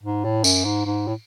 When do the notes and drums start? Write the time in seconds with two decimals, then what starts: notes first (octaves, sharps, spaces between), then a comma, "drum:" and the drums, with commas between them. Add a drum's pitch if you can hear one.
0.03 G#2
0.24 A2
0.44 F#2, drum: tambourine
0.65 G#2
0.86 G#2
1.08 A2